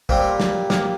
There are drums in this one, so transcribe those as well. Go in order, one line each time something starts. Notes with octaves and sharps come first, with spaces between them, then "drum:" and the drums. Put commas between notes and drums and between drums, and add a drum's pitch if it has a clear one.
A#2 G3 C4, drum: kick
drum: snare
A#3, drum: snare